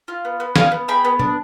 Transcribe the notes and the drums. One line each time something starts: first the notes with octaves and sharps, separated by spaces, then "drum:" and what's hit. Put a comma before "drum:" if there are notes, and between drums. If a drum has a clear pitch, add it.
F4
B3
B3
B3 F5 G#5, drum: snare
B3
G#4 G5 B5
B3
D4, drum: tom A#2